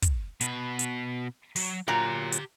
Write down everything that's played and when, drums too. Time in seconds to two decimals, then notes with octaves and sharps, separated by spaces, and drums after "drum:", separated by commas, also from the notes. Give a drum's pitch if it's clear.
0.02 drum: kick, hi-hat
0.41 B2 B4, drum: hi-hat
0.79 drum: hi-hat
1.56 F#3, drum: open hi-hat
1.88 A#2 F#3 G4 A#5
2.32 drum: hi-hat